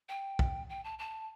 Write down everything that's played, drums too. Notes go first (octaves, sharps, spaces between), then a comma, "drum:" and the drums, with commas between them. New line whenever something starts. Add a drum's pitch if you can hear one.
G5
drum: kick
G5
A5
A5